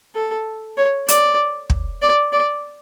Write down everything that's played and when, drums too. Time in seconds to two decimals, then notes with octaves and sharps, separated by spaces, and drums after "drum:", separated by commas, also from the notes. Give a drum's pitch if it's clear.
0.15 A4
0.77 C#5
1.08 D5, drum: hi-hat
1.70 drum: kick
2.02 D5
2.32 D5